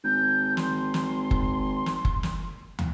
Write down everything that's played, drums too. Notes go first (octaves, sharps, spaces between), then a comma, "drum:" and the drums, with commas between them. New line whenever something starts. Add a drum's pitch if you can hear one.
G#1 G6
C6, drum: snare
drum: snare
drum: kick F#1
drum: snare
drum: kick F#1
drum: snare
drum: tom